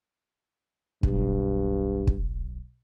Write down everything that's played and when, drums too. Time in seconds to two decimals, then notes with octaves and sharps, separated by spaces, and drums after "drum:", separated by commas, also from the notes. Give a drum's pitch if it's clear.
1.03 D1 B1 G2, drum: kick
2.07 drum: kick